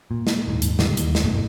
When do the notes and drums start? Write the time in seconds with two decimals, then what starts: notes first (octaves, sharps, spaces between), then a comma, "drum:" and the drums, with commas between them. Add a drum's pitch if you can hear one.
0.11 A#2
0.27 drum: snare
0.48 D#1 G#2
0.62 drum: hi-hat
0.79 E1 D3 G3, drum: snare
0.97 D#2, drum: hi-hat
1.15 drum: snare
1.24 G1 F#2 B2 A3